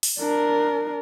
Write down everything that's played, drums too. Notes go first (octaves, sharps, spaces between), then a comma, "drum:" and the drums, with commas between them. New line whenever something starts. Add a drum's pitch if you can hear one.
drum: open hi-hat
D4 A#4